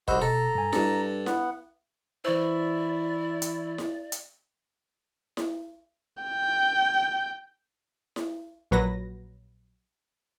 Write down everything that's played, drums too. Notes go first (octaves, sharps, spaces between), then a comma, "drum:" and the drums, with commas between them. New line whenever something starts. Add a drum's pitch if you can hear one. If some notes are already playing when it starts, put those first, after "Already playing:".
C2 F#4 C5 D#5 F#5 B5 E6, drum: kick
B2 A4 A#5
G2 G#5
G2 D4 A4, drum: snare E4
B3 F#5, drum: snare E4
E3 E4 C5 D5 C#6 E6
drum: hi-hat
drum: snare E4
drum: hi-hat
drum: snare E4
G5
drum: snare E4
A#1 A#2 F#3 B4 A#6